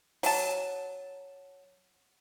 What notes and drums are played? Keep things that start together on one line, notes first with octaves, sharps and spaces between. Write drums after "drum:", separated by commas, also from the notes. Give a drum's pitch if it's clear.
F#3 A5, drum: open hi-hat